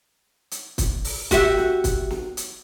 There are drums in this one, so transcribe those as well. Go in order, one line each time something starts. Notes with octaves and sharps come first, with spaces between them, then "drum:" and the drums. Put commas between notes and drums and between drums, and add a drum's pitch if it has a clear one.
drum: hi-hat
drum: kick, hi-hat
drum: open hi-hat
F#4 G4 E5, drum: kick, hi-hat
drum: snare
drum: kick, hi-hat
drum: snare
drum: hi-hat